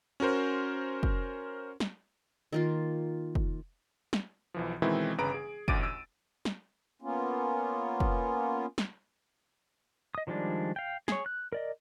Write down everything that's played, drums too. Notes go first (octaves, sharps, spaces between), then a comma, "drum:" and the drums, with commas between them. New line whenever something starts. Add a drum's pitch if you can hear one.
C#4 F#4 A#4 C5
drum: kick
drum: snare
D#3 A#3 F4
drum: kick
drum: snare
B1 E3 F3
B2 D#3 E3 G#3 C4 E4
G1 C#3 B4 A#5 D7
G#4
A1 D2 D6 A6 D7 D#7, drum: kick
E6
drum: snare
A#3 B3 C#4 F4
drum: kick
drum: snare
D#5 D#6
D#3 F3 G3 G#3 D4
F5 G5
G#4 C#5, drum: snare
F#6
A#4 D5 D#5